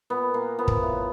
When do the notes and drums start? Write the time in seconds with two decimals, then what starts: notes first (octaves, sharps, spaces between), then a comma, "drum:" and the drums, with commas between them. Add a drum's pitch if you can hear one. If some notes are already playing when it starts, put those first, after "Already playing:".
0.10 A#2 B3
0.34 A#2 A#3
0.59 F3 B3
0.68 drum: kick
0.82 A2